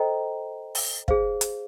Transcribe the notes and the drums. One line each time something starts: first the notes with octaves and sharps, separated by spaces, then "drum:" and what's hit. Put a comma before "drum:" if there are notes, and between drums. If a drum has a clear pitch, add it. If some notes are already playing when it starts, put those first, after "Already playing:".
Already playing: A4 C5 D#5 G5 A#5
drum: open hi-hat
G#4 C5 F5, drum: kick
drum: hi-hat